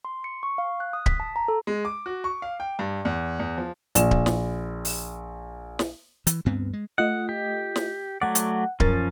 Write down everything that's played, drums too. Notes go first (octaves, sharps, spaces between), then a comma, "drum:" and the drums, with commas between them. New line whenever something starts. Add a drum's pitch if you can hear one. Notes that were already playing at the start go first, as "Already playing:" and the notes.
C6
C#7
C#6
F5
F#6
D#6
B6, drum: kick D1
A5
A#5
A4
G#3
D6
F#4
C#6
F5
G5
G2
E2
E2
F3
A#1 E7, drum: hi-hat
drum: kick D1
drum: snare
drum: open hi-hat
drum: snare
E3, drum: hi-hat
D2 G2 B3 C4
G#3
A3 F4 D#5 F#5
G4
drum: snare
F#3 A3 D5 F#5
drum: hi-hat
F#2 F3 C#4 A#4 A6, drum: kick D1